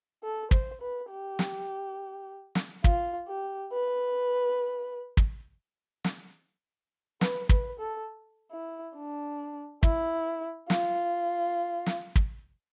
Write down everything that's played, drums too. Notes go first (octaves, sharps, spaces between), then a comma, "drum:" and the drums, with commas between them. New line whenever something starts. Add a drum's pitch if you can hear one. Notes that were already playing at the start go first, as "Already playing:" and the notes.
A4
C5, drum: kick
B4
G4
drum: snare
drum: snare
F4, drum: kick
G4
B4
drum: kick
drum: snare
B4, drum: snare
B4, drum: kick
A4
E4
D4
E4, drum: kick
F4, drum: snare
drum: snare
drum: kick